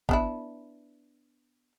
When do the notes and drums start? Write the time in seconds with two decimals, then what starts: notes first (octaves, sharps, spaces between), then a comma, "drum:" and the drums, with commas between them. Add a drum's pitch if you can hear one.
0.09 B3 D4 E4, drum: kick